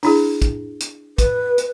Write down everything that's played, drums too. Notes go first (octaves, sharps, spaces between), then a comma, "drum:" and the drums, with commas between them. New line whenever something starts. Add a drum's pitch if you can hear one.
D4 E4 G#4, drum: open hi-hat
drum: kick, hi-hat
drum: hi-hat
B4, drum: kick, hi-hat
drum: hi-hat